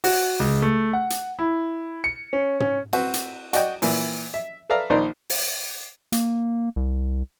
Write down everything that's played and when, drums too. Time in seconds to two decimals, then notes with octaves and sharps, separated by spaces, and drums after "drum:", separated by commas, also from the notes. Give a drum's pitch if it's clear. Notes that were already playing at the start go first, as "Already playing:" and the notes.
0.04 F#4, drum: open hi-hat
0.40 C#2
0.62 A3
0.93 F#5
1.10 drum: hi-hat
1.39 E4
2.04 C#7
2.33 C#4
2.60 C#4, drum: tom
2.93 C4 F#4 B4, drum: cymbal
3.14 drum: hi-hat
3.53 F#4 D5 D#5 G5, drum: hi-hat
3.82 A#2 E3, drum: open hi-hat
4.34 E5
4.70 A4 B4 D5 E5 F5 A#5
4.90 A#1 D#3 D#4 C5 D5 A#5
5.30 drum: open hi-hat
6.12 A#3, drum: hi-hat
6.76 C2